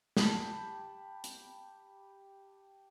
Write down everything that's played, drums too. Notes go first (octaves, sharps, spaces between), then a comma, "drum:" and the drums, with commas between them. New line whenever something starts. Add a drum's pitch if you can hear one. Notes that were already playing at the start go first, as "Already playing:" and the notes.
G4 A5 B5, drum: snare
drum: hi-hat